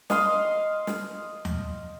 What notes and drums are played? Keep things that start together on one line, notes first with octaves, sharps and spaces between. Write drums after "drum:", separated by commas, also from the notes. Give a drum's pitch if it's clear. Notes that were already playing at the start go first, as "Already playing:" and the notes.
D#5 F5 C6, drum: snare
drum: snare
drum: tom D#2